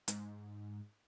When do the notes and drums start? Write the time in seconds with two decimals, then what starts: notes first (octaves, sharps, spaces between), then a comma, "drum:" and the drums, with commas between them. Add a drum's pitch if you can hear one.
0.08 G#2, drum: hi-hat